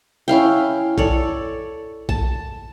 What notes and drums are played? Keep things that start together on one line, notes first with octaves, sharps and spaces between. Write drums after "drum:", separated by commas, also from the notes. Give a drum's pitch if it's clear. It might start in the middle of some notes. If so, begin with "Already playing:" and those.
C#4 E4 F5 G5
A4 C#5 D5, drum: kick A#1
A5, drum: kick A#1